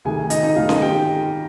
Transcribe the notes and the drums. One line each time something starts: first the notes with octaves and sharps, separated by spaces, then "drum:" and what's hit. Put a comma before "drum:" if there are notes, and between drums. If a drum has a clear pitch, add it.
D2 C3 D#3 G#4 G#5
D#4 D#5, drum: hi-hat
D#4 D#5
D2 C3 D#3 F4 F5
D#4 D#5, drum: snare C#4
G4 G5